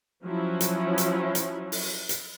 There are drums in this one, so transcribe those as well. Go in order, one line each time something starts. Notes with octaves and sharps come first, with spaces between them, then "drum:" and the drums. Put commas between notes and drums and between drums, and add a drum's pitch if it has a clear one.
F3 F#3 C#4 E4
drum: hi-hat
drum: hi-hat
drum: hi-hat
drum: open hi-hat
drum: hi-hat